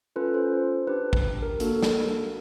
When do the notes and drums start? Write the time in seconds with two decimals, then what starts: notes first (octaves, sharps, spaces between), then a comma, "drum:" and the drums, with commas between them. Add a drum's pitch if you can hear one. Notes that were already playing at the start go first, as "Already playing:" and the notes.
0.16 C#4 F4 A4 B4
0.34 C5
0.87 D4 G4 B4
1.13 drum: kick
1.42 A#4
1.60 A#3 D4 F#4 A4, drum: hi-hat
1.83 drum: snare